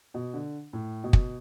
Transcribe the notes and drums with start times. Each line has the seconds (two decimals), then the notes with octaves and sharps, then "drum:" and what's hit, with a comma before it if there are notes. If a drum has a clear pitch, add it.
0.14 B2
0.34 D3
0.73 A2
1.04 B2
1.13 drum: kick